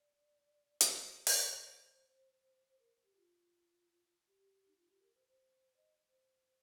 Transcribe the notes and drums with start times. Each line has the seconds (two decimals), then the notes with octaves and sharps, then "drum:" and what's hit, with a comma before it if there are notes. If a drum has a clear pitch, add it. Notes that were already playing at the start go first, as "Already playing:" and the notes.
Already playing: D5
0.81 C5, drum: hi-hat
1.27 drum: open hi-hat
2.67 C5
2.79 A#4
3.04 G4
3.16 F4
4.28 G4
4.53 G4
4.68 D#4
4.77 F4
4.90 G4
5.02 A#4
5.15 C5
5.27 C5
5.76 D#5
6.09 C5